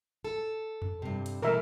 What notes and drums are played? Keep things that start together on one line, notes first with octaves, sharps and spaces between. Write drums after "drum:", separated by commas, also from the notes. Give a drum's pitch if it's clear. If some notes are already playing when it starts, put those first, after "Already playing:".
A4
drum: tom F2
G2 C3
drum: hi-hat
B2 E3 A3 A#4 E5